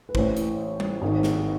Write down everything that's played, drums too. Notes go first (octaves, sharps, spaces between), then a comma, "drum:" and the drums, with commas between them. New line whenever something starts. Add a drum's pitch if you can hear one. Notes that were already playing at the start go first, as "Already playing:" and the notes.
B4
A1 A2 E3 C5, drum: kick
drum: hi-hat
drum: tom
G#1 G#2 D#3
drum: snare